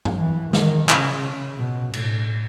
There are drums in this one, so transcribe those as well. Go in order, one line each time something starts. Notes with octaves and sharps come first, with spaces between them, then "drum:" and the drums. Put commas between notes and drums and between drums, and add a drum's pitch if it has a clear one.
drum: tom G2
E3
D#3, drum: snare
C#3, drum: clap
B2
A2, drum: cymbal